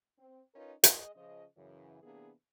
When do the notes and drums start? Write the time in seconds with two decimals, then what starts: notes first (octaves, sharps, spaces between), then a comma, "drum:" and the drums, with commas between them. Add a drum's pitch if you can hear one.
0.18 C4
0.55 C#4 D#4 F4 A#4 B4 C#5
0.84 G#3 D#5, drum: hi-hat
1.15 C#3 F3 D#5
1.57 F#2 C#3 E3
2.03 C3 E3 A#3 B3 D4 G#4